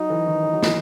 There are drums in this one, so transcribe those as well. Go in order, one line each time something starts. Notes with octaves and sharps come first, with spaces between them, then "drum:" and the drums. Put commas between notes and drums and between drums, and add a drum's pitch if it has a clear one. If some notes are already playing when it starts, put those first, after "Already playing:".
Already playing: F#3 D#4
E3
D#3
E3
F#3
E3, drum: snare